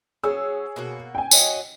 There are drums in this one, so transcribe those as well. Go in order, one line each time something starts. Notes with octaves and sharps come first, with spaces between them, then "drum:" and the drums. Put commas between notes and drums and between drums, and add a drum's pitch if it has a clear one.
F#3 C#4 G#4 C#5 E6
B2 A#3 F#4
G5 G#5
F#4 C#5 D#5, drum: tambourine